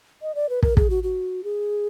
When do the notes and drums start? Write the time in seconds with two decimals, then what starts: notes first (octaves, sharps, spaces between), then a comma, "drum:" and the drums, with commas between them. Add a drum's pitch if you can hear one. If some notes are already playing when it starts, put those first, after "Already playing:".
0.22 D#5
0.35 D5
0.49 B4
0.63 A#4, drum: kick
0.77 G#4, drum: kick
0.90 F#4
1.03 F#4
1.44 G#4